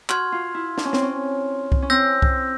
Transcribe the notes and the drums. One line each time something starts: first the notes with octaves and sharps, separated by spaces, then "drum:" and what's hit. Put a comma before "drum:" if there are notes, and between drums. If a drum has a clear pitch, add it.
F#4 C6 F6 G#6, drum: clap
F4
E4
D4, drum: snare
C#4
C4, drum: snare
C#4
drum: kick C2
C#4
C4 E6 G6 A#6
drum: kick C2